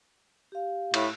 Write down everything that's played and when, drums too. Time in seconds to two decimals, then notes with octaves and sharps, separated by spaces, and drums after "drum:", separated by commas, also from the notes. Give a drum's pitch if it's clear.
0.52 G4 F5
0.94 A2, drum: cymbal